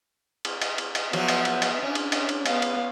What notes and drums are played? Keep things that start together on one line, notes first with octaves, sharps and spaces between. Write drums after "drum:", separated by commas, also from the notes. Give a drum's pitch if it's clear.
drum: cymbal
drum: cymbal
drum: cymbal
drum: cymbal
F3 F#3 B3 F#4 E5, drum: cymbal
drum: cymbal
drum: cymbal
drum: cymbal
C#4 D4
drum: cymbal
drum: cymbal
drum: cymbal
B3 F5, drum: cymbal
drum: cymbal